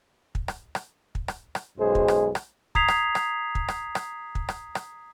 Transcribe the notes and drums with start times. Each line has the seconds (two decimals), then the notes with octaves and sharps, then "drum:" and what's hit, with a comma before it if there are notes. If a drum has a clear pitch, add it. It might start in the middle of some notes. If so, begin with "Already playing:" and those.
0.35 drum: kick
0.48 drum: rim click
0.75 drum: rim click
1.15 drum: kick
1.28 drum: rim click
1.55 drum: rim click
1.78 B1 F#2 G#3 G#4 C5
1.95 drum: kick
2.08 drum: rim click
2.35 drum: rim click
2.75 A#5 D#6 G#6 B6 C7 F7, drum: kick
2.88 drum: rim click
3.15 drum: rim click
3.55 drum: kick
3.68 drum: rim click
3.95 drum: rim click
4.35 drum: kick
4.49 drum: rim click
4.75 drum: rim click